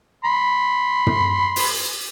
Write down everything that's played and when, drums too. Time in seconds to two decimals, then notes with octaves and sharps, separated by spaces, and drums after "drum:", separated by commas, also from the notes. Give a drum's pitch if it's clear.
0.25 B5 C6
1.07 drum: tom
1.56 drum: open hi-hat